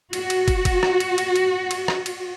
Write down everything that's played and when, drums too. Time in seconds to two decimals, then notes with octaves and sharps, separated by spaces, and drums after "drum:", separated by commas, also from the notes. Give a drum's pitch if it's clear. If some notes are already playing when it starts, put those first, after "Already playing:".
0.13 F#4, drum: cymbal
0.30 drum: cymbal
0.48 drum: kick, cymbal
0.65 drum: kick, cymbal
0.83 drum: rim click
1.00 drum: cymbal
1.18 drum: cymbal
1.36 drum: cymbal
1.71 drum: cymbal
1.88 drum: rim click
2.06 drum: cymbal